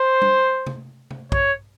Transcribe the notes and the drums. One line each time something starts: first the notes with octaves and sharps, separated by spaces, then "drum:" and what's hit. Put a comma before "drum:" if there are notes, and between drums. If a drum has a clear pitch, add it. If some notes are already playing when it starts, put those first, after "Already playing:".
Already playing: C5
drum: tom G3
drum: tom C3
drum: tom C3
C#5, drum: kick